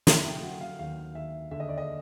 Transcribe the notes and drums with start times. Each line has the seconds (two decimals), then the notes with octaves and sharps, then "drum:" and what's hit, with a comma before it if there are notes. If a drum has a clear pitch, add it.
0.07 D3 E5, drum: snare
0.25 G5
0.43 F#3 F#5
0.61 F5
0.79 D#2 F5
1.15 D#2 E5
1.51 D3 E5
1.60 D#5
1.69 D5
1.78 D#5